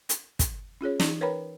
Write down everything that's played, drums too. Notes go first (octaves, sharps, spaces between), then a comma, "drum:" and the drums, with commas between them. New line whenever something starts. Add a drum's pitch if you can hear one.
drum: hi-hat
drum: kick, hi-hat
C#4 F4 G#4 C#5
E3 D#4, drum: snare
A#4 B4 C#5 G5 A#5 B5